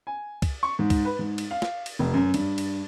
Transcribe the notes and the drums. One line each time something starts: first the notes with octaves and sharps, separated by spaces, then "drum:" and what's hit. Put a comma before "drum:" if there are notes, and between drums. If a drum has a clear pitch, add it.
G#5
drum: kick, cymbal
C#6
G#2
drum: kick, cymbal
B4
G#2
drum: cymbal
F5
drum: snare
drum: cymbal
F1
F#2
G2, drum: cymbal
drum: cymbal